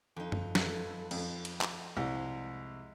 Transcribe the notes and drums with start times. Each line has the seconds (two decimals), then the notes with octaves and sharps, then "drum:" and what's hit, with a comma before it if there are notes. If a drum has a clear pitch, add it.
0.16 F2 D#4
0.32 drum: tom F#2
0.55 A4 B4 G#5, drum: snare
1.11 F2, drum: cymbal
1.45 drum: cymbal
1.61 drum: clap
1.97 C2 G#3